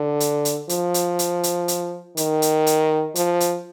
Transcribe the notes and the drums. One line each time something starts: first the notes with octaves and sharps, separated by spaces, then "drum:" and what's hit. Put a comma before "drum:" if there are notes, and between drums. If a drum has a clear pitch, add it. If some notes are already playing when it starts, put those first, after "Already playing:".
Already playing: D3
drum: hi-hat
drum: hi-hat
F3, drum: hi-hat
drum: hi-hat
drum: hi-hat
drum: hi-hat
drum: hi-hat
D#3, drum: hi-hat
drum: hi-hat
drum: hi-hat
F3, drum: hi-hat
drum: hi-hat